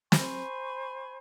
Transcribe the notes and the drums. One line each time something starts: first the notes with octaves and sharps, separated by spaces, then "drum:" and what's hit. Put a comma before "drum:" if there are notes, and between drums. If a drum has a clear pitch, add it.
C5 G#5 B5 C#6, drum: snare